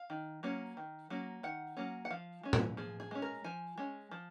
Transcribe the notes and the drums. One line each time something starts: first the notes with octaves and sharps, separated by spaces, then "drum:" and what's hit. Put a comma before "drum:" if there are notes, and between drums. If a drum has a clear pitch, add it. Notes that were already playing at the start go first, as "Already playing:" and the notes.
Already playing: F5
D#3
F#3 A#3 C#4
D#3
F#3 A#3 C#4
D#3 F#5
F#3 A#3 C#4
F#5
F3 F5
G#3 C#4
drum: tom A2
F3 G#4
G#4
G#3 C#4
A#4
F3 G#5
G#3 C#4
F3